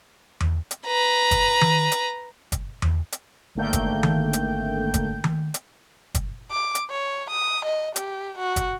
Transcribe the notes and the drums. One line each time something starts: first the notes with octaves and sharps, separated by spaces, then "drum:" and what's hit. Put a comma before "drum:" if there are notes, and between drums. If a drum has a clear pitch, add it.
drum: tom E2
drum: hi-hat
B4 A#5
drum: kick, hi-hat
drum: tom D#3
drum: hi-hat
drum: kick, hi-hat
drum: tom E2
drum: hi-hat
G#1 D3 A3 A#3 G5 G6
drum: kick, hi-hat
drum: tom D#3
drum: hi-hat
drum: kick, hi-hat
drum: tom D#3
drum: hi-hat
drum: kick, hi-hat
D6
drum: hi-hat
C#5
D#6
D#5
G4, drum: hi-hat
F#4
drum: kick, hi-hat